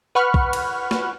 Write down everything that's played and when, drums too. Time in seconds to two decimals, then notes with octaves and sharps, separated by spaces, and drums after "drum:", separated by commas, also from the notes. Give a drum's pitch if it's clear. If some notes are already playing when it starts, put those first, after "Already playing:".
0.15 B4 F#5 B5 C#6 F6 F#6
0.34 drum: kick
0.53 drum: cymbal
0.91 drum: snare